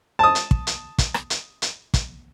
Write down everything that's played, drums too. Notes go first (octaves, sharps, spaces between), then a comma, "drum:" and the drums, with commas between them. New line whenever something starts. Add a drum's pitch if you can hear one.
A5 D#6
drum: hi-hat
drum: kick
drum: hi-hat
drum: kick, hi-hat
drum: rim click
drum: hi-hat
drum: hi-hat
drum: kick, hi-hat